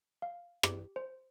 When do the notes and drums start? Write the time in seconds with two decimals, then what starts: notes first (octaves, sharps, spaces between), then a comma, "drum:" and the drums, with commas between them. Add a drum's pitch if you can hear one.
0.22 F5
0.63 G4, drum: rim click
0.96 C5